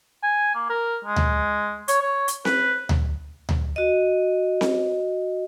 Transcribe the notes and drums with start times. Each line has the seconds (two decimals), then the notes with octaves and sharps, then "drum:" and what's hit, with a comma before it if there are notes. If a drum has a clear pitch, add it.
0.23 G#5
0.55 A#3
0.70 A#4
1.04 G#3
1.16 drum: tom D2
1.88 C#5, drum: hi-hat
2.02 C#5
2.28 drum: hi-hat
2.45 B4, drum: snare C4
2.89 drum: tom D2
3.49 drum: tom D2
3.76 F#4 D#5
4.61 drum: snare C4